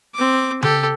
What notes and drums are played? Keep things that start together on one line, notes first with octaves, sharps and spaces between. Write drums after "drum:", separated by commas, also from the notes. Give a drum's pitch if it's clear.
C4 D6
G4 A4, drum: tom C#3